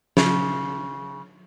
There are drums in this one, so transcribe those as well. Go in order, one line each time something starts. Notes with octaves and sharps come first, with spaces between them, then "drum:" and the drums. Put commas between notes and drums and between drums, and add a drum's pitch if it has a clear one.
C#3, drum: snare